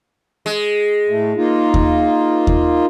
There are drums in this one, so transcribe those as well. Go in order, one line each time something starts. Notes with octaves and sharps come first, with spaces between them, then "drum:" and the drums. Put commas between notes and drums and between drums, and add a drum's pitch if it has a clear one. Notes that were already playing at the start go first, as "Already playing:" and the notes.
G#3
A2 A3
A#3 D#4 F4
drum: kick D#2
drum: kick D#2